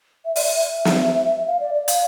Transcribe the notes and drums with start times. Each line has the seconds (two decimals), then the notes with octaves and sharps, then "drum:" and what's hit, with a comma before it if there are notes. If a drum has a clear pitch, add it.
0.25 E5
0.36 D5, drum: open hi-hat
0.45 E5
0.56 E5
0.85 drum: snare
1.47 F5
1.60 D5
1.74 D5
1.88 F5, drum: hi-hat